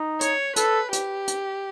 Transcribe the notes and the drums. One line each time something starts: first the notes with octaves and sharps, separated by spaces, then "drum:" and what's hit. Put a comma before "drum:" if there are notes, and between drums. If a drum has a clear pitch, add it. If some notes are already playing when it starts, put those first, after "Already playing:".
Already playing: D#4
C#5, drum: hi-hat
A4 B4, drum: hi-hat
G4, drum: hi-hat
drum: hi-hat